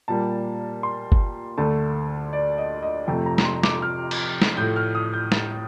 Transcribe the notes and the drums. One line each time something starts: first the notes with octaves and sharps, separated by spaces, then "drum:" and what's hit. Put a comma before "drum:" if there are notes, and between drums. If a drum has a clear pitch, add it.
A#2 G3 A#3 A5
C6
drum: kick G1
D2 D3 A3 A5
D5
D#5
D#5
F2 C3 F3 A3 G5
A#5
A#5, drum: snare
C6
D6, drum: snare
F6
drum: cymbal
drum: snare
A2 F3 A3 G6
F6
D#6
G6
A6, drum: snare